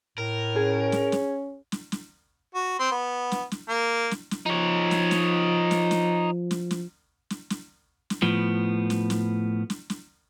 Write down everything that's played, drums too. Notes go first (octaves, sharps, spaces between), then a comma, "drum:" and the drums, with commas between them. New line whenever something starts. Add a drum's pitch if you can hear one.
A2 A#4
C#4 G#4
drum: snare
drum: snare
drum: snare
drum: snare
F#4
C4 C6
B3
drum: snare
drum: snare
A#3
drum: snare
drum: snare
F3 D#4 C#5
drum: snare
drum: snare
drum: snare
drum: snare
drum: snare
drum: snare
drum: snare
drum: snare
drum: snare
A2 F3 B3
drum: snare
drum: snare
drum: snare
drum: snare